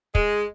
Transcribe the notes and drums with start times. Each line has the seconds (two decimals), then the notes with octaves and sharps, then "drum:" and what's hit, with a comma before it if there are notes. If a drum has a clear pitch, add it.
0.15 G#3, drum: kick